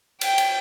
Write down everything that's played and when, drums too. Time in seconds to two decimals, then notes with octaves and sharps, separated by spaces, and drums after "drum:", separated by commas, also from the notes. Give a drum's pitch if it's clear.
0.21 G5, drum: cymbal
0.38 drum: cymbal